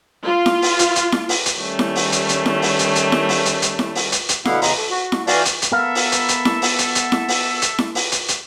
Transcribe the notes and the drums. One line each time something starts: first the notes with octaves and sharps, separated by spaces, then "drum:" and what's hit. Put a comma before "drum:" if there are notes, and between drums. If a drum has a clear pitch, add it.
F4
drum: snare E4
drum: open hi-hat
drum: hi-hat
drum: hi-hat
drum: snare E4
drum: open hi-hat
drum: hi-hat
D#3 G3 A3 C#4
drum: snare E4
drum: open hi-hat
drum: hi-hat
drum: hi-hat
drum: snare E4
drum: open hi-hat
drum: hi-hat
drum: hi-hat
drum: snare E4
drum: open hi-hat
drum: hi-hat
drum: hi-hat
drum: snare E4
drum: open hi-hat
drum: hi-hat
drum: hi-hat
B2 D3 B3 E4 F5 F#5, drum: snare E4
E2 C#3 D#5 A#5 C6, drum: open hi-hat
A3
F#4
drum: snare E4
E3 F#4 D5 F5 A5 G6, drum: open hi-hat
drum: hi-hat
drum: hi-hat
B3 A4 A#4 E5 F5
drum: open hi-hat
drum: hi-hat
drum: hi-hat
drum: snare E4
drum: open hi-hat
drum: hi-hat
drum: hi-hat
drum: snare E4
drum: open hi-hat
drum: hi-hat
drum: snare E4
drum: open hi-hat
drum: hi-hat
drum: hi-hat